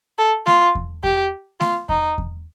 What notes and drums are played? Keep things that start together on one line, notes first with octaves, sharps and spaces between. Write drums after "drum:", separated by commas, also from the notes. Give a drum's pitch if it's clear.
A4
F4, drum: snare A3
drum: kick E2
G4, drum: kick E2
F4, drum: snare A3
D#4, drum: kick E2
drum: kick E2